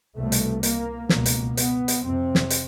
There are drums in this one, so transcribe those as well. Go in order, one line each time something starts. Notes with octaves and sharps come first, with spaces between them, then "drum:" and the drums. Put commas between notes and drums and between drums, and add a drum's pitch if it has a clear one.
C2 B2 A3
drum: hi-hat
A#3, drum: hi-hat
C#2 B2 A#3, drum: snare
drum: hi-hat
B3, drum: hi-hat
drum: hi-hat
F2 C3 C4
drum: snare
drum: hi-hat